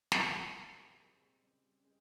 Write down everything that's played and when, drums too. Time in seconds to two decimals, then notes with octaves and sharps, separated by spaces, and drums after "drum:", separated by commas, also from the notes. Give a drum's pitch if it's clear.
0.12 C3 F3 A#4, drum: snare
0.23 C5
0.34 G4 A#4
0.55 A#2 G3 G4 A#4
0.69 G#4 C5
0.84 G4 A#4
0.98 A#2 G3 G#3 C4
1.42 C#3 G3
1.80 C#4
1.84 G#3 C4